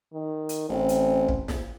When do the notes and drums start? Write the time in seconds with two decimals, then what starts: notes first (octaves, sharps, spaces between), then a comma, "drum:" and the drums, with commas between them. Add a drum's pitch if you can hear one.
0.13 D#3
0.49 drum: hi-hat
0.69 A1 C4
0.89 drum: hi-hat
1.28 drum: kick
1.48 drum: snare